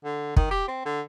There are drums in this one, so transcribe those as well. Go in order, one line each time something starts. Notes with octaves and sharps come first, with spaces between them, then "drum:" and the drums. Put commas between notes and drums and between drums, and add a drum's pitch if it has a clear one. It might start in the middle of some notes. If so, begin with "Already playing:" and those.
D3
D#3, drum: kick
G4
C4
D3